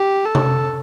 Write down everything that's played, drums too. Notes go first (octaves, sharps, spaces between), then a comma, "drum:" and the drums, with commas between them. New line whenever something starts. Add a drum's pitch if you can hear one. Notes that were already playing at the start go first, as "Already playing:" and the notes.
Already playing: G4
A4
drum: tom C3